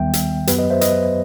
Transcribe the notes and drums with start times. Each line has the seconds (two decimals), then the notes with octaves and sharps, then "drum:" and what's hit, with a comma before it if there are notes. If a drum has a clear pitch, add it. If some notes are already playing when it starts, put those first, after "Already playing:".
Already playing: D#2 D#3 G3 B3 E5 G5
0.13 drum: hi-hat
0.47 F#2 F#3 B3 G4 B4, drum: hi-hat
0.58 B4 D#5
0.70 C5 E5
0.81 B4 D#5, drum: hi-hat